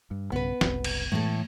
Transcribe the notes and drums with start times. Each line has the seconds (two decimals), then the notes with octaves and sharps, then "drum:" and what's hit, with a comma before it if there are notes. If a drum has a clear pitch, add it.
0.11 G2
0.32 B1 G2 C#3 B3 B4
0.61 F#1 C2, drum: snare
0.84 drum: cymbal
1.12 A2 E3 G#3 A4